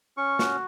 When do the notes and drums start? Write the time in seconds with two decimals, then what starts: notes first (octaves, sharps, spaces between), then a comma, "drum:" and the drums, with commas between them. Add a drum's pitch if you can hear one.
0.17 C#4 C#6
0.39 F#4, drum: snare